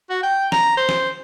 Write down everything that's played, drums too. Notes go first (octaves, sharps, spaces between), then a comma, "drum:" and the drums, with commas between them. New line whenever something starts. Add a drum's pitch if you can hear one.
F#4
G5
A#5, drum: snare
C5
drum: snare